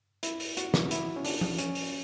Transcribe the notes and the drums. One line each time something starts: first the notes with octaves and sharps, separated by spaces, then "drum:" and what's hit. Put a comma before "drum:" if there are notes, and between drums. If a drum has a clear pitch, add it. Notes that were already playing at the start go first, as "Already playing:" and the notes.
E4, drum: hi-hat
drum: open hi-hat
F#4, drum: hi-hat
drum: snare
E4, drum: hi-hat
C#4
D4, drum: open hi-hat
drum: tom F3
C#4, drum: hi-hat
drum: open hi-hat